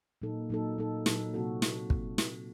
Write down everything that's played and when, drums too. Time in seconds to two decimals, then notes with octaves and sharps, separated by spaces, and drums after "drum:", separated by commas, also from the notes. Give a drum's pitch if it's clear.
0.22 A#2 F#3 A#3 D#4 A4
0.50 A#2 F#3 A#3 D#4 A4
0.78 A#2 F#3 A#3 D#4 A4
1.06 A#2 F#3 A#3 D#4 A4, drum: snare
1.34 C3 F#3 C4 F#4 A4
1.62 drum: snare
1.90 drum: kick
2.18 drum: snare